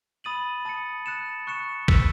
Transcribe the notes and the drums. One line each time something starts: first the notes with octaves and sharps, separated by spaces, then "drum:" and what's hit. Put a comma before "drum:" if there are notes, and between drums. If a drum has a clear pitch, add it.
B5 D#6 A6 D#7 F#7
A5 D#6 A6 C#7
F#6 A6 C#7 E7
C#6 F#6 C#7 E7
E6 B6 E7, drum: kick